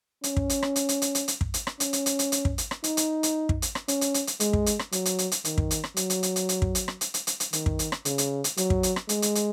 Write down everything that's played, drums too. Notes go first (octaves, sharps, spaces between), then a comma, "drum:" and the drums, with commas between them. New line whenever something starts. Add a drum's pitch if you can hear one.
C#4, drum: hi-hat
drum: kick
drum: hi-hat
drum: rim click
drum: hi-hat
drum: hi-hat
drum: hi-hat
drum: hi-hat
drum: hi-hat
drum: kick
drum: hi-hat
drum: rim click
C#4, drum: hi-hat
drum: hi-hat
drum: hi-hat
drum: hi-hat
drum: hi-hat
drum: kick
drum: hi-hat
drum: rim click
D#4, drum: hi-hat
drum: hi-hat
drum: hi-hat
drum: kick
drum: hi-hat
drum: rim click
C#4, drum: hi-hat
drum: hi-hat
drum: hi-hat
drum: hi-hat
G#3, drum: hi-hat
drum: kick
drum: hi-hat
drum: rim click
F#3, drum: hi-hat
drum: hi-hat
drum: hi-hat
drum: hi-hat
D#3, drum: hi-hat
drum: kick
drum: hi-hat
drum: rim click
F#3, drum: hi-hat
drum: hi-hat
drum: hi-hat
drum: hi-hat
drum: hi-hat
drum: kick
drum: hi-hat
drum: rim click
drum: hi-hat
drum: hi-hat
drum: hi-hat
drum: hi-hat
D#3, drum: hi-hat
drum: kick
drum: hi-hat
drum: rim click
C#3, drum: hi-hat
drum: hi-hat
drum: hi-hat
F#3, drum: hi-hat
drum: kick
drum: hi-hat
drum: rim click
G#3, drum: hi-hat
drum: hi-hat
drum: hi-hat